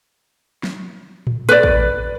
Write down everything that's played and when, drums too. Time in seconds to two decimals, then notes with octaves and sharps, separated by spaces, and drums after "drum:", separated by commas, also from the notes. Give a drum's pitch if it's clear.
0.63 drum: snare
1.27 drum: tom A2
1.49 B4 D5, drum: hi-hat
1.63 drum: kick A1